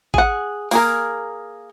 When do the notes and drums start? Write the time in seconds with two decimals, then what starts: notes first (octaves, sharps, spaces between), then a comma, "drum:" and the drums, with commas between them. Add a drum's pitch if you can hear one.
0.14 G#4 F#5, drum: kick A1
0.71 A#3 G#4 A#4, drum: open hi-hat